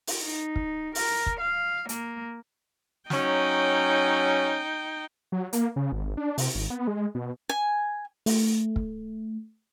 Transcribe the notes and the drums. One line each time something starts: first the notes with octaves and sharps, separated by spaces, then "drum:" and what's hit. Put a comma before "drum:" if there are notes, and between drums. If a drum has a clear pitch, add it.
drum: open hi-hat
D#4
drum: kick
A#4, drum: open hi-hat
drum: kick
F5
A#3, drum: hi-hat
F#3 C#4 D#4 G5, drum: snare
F#3
A#3, drum: hi-hat
C#3
G#1
D4
C3, drum: open hi-hat
G#1
B3
G#3
B2
G#5
A3, drum: open hi-hat
drum: kick